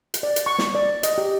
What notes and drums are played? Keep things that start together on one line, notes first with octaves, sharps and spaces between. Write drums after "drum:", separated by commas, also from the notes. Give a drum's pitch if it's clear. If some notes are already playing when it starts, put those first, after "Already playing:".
drum: hi-hat
D5
drum: hi-hat
C#6
drum: snare
D5
D#5, drum: hi-hat
G4